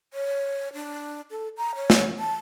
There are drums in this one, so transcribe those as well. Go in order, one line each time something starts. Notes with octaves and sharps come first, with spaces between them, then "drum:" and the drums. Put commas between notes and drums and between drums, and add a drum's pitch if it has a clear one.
C#5
D4
A4
A#5
C#5
drum: snare
A5